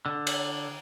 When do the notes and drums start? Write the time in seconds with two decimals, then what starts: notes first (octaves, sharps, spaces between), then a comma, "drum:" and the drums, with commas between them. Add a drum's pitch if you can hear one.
0.06 D3
0.27 drum: cymbal